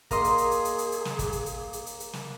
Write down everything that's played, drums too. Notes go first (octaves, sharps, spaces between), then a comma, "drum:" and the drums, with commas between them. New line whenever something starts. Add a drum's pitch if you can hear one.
A#3 G#4 A#4 D#5 C6, drum: kick, hi-hat
drum: hi-hat
drum: hi-hat
drum: hi-hat
drum: hi-hat
drum: hi-hat
drum: hi-hat
drum: snare
drum: kick, hi-hat
drum: hi-hat
drum: hi-hat
drum: hi-hat
drum: hi-hat
drum: hi-hat
drum: snare